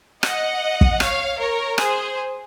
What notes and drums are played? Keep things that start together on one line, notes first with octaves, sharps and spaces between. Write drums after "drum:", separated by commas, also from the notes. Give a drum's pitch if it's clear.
D#5 F#5, drum: rim click
drum: kick
C#5 F5, drum: rim click
A#4 C#5
G#4 C5, drum: rim click